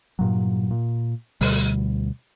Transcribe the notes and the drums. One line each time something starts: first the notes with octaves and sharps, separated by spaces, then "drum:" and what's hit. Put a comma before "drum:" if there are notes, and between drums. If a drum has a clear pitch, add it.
G2 A#2 F#3
A#2
D2 B2 G3, drum: open hi-hat